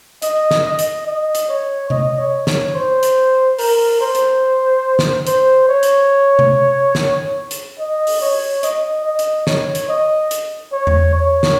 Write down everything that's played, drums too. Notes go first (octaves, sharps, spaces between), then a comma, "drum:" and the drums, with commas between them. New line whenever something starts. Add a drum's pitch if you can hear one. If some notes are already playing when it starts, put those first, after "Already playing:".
D#5, drum: hi-hat
drum: snare
D#5
drum: hi-hat
D#5
drum: hi-hat
C#5
D#5, drum: tom C3
C#5
C#5, drum: snare
C5
drum: hi-hat
A#4, drum: open hi-hat
C5
drum: hi-hat
drum: snare
C5, drum: hi-hat
C#5
drum: hi-hat
drum: tom C3
drum: snare
drum: hi-hat
D#5
drum: open hi-hat
C#5
D#5, drum: hi-hat
D#5
drum: hi-hat
C#5, drum: snare
drum: hi-hat
D#5
drum: hi-hat
C#5
drum: tom E2
C#5
drum: snare